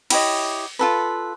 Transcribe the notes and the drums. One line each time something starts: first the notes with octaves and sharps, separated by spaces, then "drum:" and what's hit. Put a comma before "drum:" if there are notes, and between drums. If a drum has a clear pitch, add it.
E4 G4 C#5 D#5, drum: cymbal
F4 A4 B4